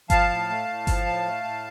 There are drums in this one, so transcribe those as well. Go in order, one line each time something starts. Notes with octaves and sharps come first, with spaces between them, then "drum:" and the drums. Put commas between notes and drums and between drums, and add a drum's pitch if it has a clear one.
F3 F5 A5, drum: kick G1, hi-hat
A2
A3
A2
F3, drum: kick G1, open hi-hat
A2
A3
A2